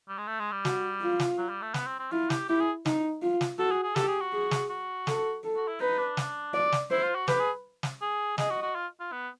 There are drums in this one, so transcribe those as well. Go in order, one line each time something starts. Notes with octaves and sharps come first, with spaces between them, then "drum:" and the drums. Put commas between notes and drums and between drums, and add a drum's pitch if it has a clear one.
G3
G#3
A3
G#3
G3
F#4, drum: snare
F4
drum: snare
F#3
G3
A3
B3, drum: snare
C4
C4
E4 F4
G4, drum: snare
E4 G4
G#4
D#4, drum: snare
F4
drum: snare
F#4 A4
G#4
G#4
G4 A4, drum: snare
G#4
F#4
G#4
drum: snare
F#4
A4, drum: snare
A4
F#4
E4
D#4 B4
D4
drum: snare
D5
drum: snare
E4 C5
F4
F#4
G4 B4, drum: snare
G#4
drum: snare
G#4
G#4 D#5, drum: snare
F#4
F#4
F4
F4
B3